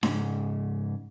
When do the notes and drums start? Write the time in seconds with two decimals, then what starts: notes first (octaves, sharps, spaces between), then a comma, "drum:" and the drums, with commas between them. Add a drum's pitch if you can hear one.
0.03 G#2 C#3, drum: snare D4